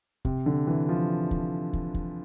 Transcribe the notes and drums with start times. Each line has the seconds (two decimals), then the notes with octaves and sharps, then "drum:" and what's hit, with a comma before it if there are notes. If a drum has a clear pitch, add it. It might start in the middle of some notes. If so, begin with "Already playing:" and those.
0.25 C3, drum: kick
0.46 D3
0.67 E3
0.89 F3
1.31 drum: kick
1.73 drum: kick
1.94 drum: kick